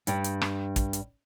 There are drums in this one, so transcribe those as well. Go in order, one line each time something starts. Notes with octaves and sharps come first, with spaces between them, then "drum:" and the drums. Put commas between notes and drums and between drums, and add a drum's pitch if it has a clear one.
G2 G3, drum: hi-hat
drum: hi-hat
drum: rim click
drum: kick, hi-hat
drum: hi-hat